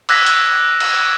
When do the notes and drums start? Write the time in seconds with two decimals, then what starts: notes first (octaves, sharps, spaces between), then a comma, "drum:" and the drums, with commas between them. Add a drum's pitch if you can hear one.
0.09 D6 E6 F#6 G#6 A#6 B6, drum: cymbal
0.27 drum: hi-hat
0.80 drum: cymbal